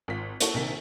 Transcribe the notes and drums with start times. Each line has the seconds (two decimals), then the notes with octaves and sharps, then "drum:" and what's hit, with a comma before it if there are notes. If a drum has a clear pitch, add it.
0.08 G#1 F4 B6
0.40 A#3 E4 F#4 A4 C#5, drum: hi-hat
0.54 A#1 C3 D#3 A#3 B6